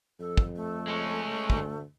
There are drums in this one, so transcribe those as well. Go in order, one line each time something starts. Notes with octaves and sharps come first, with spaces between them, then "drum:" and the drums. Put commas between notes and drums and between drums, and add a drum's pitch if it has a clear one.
F2 A4
drum: kick
A3
G#3 C#4
D2, drum: kick